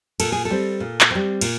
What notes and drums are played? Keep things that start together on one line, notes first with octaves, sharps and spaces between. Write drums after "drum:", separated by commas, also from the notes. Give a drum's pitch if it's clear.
A#2 A4, drum: cymbal
G#4
A4
G3 C4
A#2
drum: clap
G3 C4
A#2, drum: cymbal